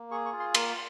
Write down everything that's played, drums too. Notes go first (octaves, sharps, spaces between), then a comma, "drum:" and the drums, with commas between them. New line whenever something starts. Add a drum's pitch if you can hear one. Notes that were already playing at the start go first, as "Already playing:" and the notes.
Already playing: A#3
G#4 C#6
C#6
F4
C6
A#3 C6, drum: cymbal